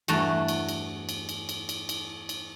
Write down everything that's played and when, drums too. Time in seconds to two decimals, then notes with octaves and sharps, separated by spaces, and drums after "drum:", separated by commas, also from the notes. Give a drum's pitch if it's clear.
0.08 E2 G2 A3 F#4 A5 A#5, drum: cymbal
0.48 drum: cymbal
0.69 drum: cymbal
1.09 drum: cymbal
1.29 drum: cymbal
1.49 drum: cymbal
1.69 drum: cymbal
1.89 drum: cymbal
2.29 drum: cymbal